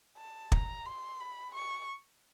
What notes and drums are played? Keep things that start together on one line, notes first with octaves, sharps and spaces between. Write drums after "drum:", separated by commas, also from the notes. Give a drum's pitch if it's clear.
A5
A#5, drum: kick
C6
B5
C#6